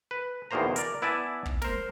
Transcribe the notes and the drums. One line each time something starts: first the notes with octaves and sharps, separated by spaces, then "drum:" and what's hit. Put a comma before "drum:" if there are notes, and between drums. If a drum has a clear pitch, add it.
B4
E2 B2 D#3 A#3 C5 A#5
A#4 D5, drum: hi-hat
B3 E4 D5 E5 G#5 A5
drum: kick
A#4 C5, drum: snare